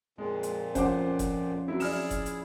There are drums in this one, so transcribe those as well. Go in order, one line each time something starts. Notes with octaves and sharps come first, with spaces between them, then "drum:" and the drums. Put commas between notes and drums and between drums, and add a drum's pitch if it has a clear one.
F2 A#2 G#3
drum: hi-hat
F3 C#4 C5 F#5 D6, drum: kick F1, hi-hat
drum: kick F1, hi-hat
F#3 C4 E4
E4 G#4 D5 F6 E7, drum: open hi-hat
drum: kick F1, hi-hat
drum: hi-hat